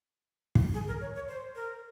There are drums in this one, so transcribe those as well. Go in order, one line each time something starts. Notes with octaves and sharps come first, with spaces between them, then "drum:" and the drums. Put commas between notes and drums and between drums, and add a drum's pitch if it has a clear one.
drum: kick
G#4
A#4
C#5
C#5
C5
A#4